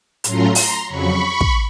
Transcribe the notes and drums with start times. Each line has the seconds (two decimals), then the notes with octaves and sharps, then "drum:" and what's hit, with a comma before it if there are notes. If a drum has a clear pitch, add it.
0.24 A2 F#3 A3 C#4 F4 A#5 C6, drum: hi-hat
0.55 A#5 C6, drum: open hi-hat
0.86 F2 C#3 F#3 B5 C#6
1.41 drum: kick